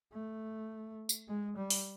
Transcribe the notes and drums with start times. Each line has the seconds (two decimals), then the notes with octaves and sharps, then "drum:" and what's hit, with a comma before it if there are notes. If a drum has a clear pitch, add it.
0.13 A3
1.09 drum: tambourine
1.28 G#3
1.57 G3
1.70 drum: open hi-hat